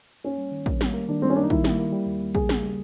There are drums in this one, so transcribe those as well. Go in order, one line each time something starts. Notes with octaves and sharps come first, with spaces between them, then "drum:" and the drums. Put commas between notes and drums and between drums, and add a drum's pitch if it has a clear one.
A#3 C#4
G3
D#3
A#3, drum: kick
G3, drum: snare
A#3
D#3 D4
G3 C4
C#4
A#3 D4
D#4
D#3 E4, drum: kick
G3, drum: snare
A#3
G3
D#2
D#2
C#3 G#4, drum: kick
C#3, drum: snare
G3